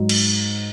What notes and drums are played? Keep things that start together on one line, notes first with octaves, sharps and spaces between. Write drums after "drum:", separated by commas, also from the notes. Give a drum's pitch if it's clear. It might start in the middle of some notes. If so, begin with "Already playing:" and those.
Already playing: G#2 F#3
drum: cymbal